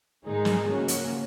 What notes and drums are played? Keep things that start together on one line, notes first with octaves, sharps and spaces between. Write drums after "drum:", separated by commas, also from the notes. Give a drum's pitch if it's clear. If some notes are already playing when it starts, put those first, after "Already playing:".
G#2 D#3 G#3 D#4 G#4
drum: snare
C#3 F3 A#3 C#4 F#4
drum: hi-hat